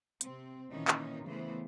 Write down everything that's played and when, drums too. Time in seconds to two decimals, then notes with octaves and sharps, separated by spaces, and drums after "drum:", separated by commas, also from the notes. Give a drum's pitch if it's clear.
0.21 C3 C4, drum: hi-hat
0.71 A#2 D#3 E3 C#4 D#4
0.88 drum: clap
1.25 C#3 E3 A3 B3 C5